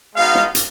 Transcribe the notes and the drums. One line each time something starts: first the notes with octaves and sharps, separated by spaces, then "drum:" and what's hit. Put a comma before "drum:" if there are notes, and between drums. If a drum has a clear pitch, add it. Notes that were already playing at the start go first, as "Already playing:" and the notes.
G#3 B3 D#4 F#4 F5
drum: snare
drum: hi-hat